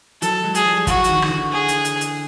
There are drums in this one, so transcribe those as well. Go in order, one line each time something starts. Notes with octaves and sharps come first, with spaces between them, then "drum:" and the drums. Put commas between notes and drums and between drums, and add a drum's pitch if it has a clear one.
E3 F#3 A4, drum: hi-hat
F#3 G#3
G#4, drum: hi-hat
F3 G3
E3 F#3 F#4, drum: kick, hi-hat
F#3, drum: hi-hat
D#3 F3
D#3, drum: rim click
D3 E3
G#4
drum: hi-hat
drum: hi-hat
drum: hi-hat